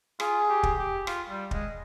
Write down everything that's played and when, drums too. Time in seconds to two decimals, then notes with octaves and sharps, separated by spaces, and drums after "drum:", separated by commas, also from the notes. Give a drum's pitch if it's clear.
0.20 F4 G#4, drum: rim click
0.49 G4
0.63 drum: kick
0.78 G4
1.07 F4, drum: rim click
1.29 G3
1.51 G#3, drum: kick